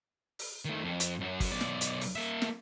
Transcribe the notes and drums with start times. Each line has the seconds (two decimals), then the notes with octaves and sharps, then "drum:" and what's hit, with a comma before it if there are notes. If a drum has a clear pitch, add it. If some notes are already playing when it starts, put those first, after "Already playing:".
0.39 drum: open hi-hat
0.65 D#3 A3
0.84 F2
1.00 drum: hi-hat
1.20 F#2 F#3
1.40 drum: kick, open hi-hat
1.52 B1 D5
1.61 drum: snare
1.81 drum: hi-hat
2.01 drum: open hi-hat
2.15 A#3 E5
2.42 drum: snare